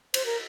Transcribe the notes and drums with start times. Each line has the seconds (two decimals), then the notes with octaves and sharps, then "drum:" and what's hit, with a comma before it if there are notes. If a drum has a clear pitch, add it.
0.14 C5, drum: cymbal
0.26 A#4